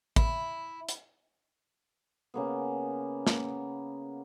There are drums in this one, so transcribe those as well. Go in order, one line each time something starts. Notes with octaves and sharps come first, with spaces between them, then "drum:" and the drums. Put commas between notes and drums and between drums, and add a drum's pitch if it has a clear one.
E4, drum: kick
drum: hi-hat
C#3 A#3 B3
drum: snare